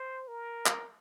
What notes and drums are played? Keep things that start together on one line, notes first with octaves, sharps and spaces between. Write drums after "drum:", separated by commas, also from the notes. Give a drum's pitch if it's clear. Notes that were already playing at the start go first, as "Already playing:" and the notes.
Already playing: C5
A#4
drum: clap